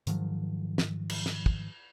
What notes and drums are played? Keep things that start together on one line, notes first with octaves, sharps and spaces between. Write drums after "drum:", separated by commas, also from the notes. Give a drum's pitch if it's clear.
G#2 D#3 F3 F#3, drum: hi-hat
drum: snare
drum: cymbal
drum: snare
drum: kick